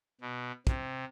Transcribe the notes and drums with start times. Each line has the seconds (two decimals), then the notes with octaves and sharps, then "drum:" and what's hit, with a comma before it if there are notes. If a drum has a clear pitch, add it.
0.21 B2
0.67 C3, drum: kick